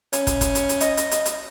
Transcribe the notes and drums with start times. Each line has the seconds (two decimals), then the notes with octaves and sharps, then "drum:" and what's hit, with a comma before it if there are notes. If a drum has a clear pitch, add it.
0.13 C#4, drum: hi-hat
0.27 drum: kick, hi-hat
0.41 drum: kick, hi-hat
0.55 drum: hi-hat
0.69 drum: hi-hat
0.80 D#5, drum: hi-hat
0.97 drum: hi-hat
1.11 drum: hi-hat
1.26 drum: hi-hat